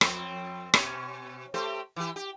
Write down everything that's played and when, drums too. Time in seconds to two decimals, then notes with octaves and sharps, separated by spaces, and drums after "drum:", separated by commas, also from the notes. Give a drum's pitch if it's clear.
0.01 F2 C4, drum: rim click
0.74 B2 C#4, drum: rim click
1.54 A3 G4 C5
1.96 E3 G4
2.16 G4